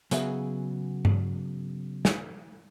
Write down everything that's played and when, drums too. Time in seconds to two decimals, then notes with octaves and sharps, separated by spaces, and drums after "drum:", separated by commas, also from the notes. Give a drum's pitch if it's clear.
0.11 C#3 F#3 B3 G#4 E5, drum: hi-hat
1.05 drum: tom G2
2.05 drum: snare